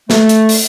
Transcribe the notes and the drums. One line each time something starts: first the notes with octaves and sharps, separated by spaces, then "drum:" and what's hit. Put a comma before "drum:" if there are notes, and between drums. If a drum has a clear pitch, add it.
A3, drum: snare
drum: hi-hat
drum: open hi-hat